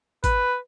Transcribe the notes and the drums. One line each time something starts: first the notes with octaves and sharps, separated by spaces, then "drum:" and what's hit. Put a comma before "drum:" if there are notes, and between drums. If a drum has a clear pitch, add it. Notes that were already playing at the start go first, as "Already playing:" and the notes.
B4, drum: kick, hi-hat